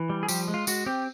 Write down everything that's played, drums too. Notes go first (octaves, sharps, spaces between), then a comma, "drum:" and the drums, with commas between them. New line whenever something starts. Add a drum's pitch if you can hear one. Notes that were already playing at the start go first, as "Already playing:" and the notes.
Already playing: E3
G3
G#4
F3 G4, drum: tambourine
G#3
F4
G#3 F#4, drum: tambourine
C4 G4